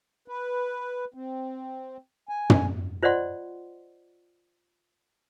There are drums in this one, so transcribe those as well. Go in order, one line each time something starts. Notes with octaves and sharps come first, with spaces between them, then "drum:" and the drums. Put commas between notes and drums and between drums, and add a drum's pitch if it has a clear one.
B4
C4
G#5
drum: tom
F4 C5 D5 D#5 F#5 C6